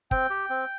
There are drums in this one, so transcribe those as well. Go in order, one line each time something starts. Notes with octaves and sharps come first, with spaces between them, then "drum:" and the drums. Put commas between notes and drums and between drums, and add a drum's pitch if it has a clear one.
C4 G5, drum: kick
G4
C4